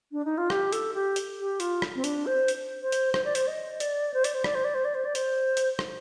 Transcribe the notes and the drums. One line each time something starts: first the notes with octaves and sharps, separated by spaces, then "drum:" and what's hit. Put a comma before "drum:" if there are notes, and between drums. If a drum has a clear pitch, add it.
D4
D#4
F4
G4, drum: rim click
A4, drum: hi-hat
G4
drum: hi-hat
G4
F4, drum: hi-hat
drum: rim click
C4
D4, drum: hi-hat
C5
drum: hi-hat
C5
drum: hi-hat
C5, drum: rim click
D5
C5, drum: hi-hat
D#5
D5, drum: hi-hat
C5
D5, drum: hi-hat
C5
D5, drum: rim click
C5
D5
C5
D5
C5
D5
C5, drum: hi-hat
drum: hi-hat
drum: rim click